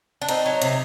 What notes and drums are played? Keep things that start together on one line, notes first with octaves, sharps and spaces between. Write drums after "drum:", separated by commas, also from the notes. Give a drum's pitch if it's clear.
D4
C4 D#4, drum: hi-hat
F#3
C3, drum: hi-hat